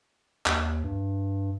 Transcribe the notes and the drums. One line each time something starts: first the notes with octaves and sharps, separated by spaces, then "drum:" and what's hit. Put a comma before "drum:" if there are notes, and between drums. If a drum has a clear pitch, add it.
D#2, drum: clap
G2